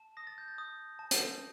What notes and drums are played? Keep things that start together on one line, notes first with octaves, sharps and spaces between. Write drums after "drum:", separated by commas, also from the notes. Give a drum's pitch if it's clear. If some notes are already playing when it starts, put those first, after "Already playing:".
Already playing: A5
D#6 A#6
A6
G6
A6
D#6
A5
drum: hi-hat